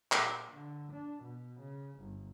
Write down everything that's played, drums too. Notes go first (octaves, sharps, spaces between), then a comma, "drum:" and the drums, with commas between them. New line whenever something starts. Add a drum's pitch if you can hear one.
A#2, drum: clap
D3
D4
B2
C#3
G1